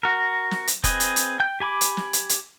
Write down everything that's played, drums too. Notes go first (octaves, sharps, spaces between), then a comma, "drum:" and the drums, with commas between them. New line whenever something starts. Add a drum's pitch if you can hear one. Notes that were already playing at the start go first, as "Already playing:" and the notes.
F#4 A#4
drum: snare
drum: hi-hat
C4 G#4 B4 D#5, drum: kick F1, hi-hat
drum: hi-hat
drum: hi-hat
G5 G6
G4 G#5 B5 D6
drum: hi-hat
drum: snare
drum: hi-hat
drum: hi-hat